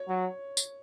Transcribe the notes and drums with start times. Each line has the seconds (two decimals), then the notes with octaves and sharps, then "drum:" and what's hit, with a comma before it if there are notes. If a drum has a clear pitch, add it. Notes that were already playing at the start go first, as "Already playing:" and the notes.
Already playing: C#5
0.08 F#3
0.57 drum: tambourine